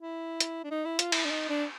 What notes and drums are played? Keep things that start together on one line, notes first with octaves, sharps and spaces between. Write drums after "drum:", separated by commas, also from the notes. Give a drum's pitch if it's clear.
E4
drum: hi-hat
D4
D#4
E4
F4, drum: hi-hat
E4, drum: cymbal
D4
D#4
D4